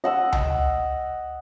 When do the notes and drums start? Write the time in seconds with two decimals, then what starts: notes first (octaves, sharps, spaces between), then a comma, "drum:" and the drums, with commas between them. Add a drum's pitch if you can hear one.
0.04 D#5 F#5 E6
0.32 drum: tom C#2